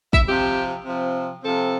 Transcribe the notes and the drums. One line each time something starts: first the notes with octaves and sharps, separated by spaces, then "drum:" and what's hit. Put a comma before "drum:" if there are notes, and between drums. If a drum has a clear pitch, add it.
E5, drum: kick
C3 F3 C4 G4
C3 F3 C4
C3 F3 C4 A4